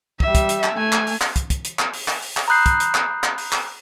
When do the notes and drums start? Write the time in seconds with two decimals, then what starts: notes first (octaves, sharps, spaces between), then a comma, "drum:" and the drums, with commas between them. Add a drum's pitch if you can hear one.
0.20 G3 E5, drum: kick
0.35 drum: kick, hi-hat
0.49 drum: hi-hat
0.64 drum: clap
0.74 A3 G#5
0.92 drum: clap
1.07 drum: open hi-hat
1.21 drum: clap
1.36 drum: kick, hi-hat
1.50 drum: kick, hi-hat
1.65 drum: hi-hat
1.79 drum: clap
1.94 drum: open hi-hat
2.08 drum: clap
2.22 drum: open hi-hat
2.37 drum: clap
2.48 A#5 B5 D#6 F#6 G6 C7
2.66 drum: kick, hi-hat
2.80 drum: hi-hat
2.95 drum: clap
3.24 drum: clap
3.38 drum: open hi-hat
3.52 drum: clap